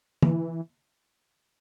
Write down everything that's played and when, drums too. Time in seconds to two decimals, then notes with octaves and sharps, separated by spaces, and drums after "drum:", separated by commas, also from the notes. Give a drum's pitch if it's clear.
0.22 E3, drum: tom D3